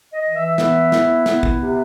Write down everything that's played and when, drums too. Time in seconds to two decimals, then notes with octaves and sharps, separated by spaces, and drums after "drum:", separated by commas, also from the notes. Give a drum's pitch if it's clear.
0.13 D#5
0.24 E3
0.36 E5
0.58 B3 E5, drum: snare
0.92 E4, drum: snare
1.26 B3, drum: snare
1.43 drum: kick
1.60 C3